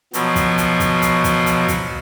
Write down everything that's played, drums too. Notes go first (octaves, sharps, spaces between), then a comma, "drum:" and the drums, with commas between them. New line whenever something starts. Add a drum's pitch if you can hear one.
B2 F3 F#3, drum: hi-hat
drum: kick, hi-hat
drum: hi-hat
drum: kick, hi-hat
drum: hi-hat
drum: kick, hi-hat
drum: hi-hat
drum: kick, hi-hat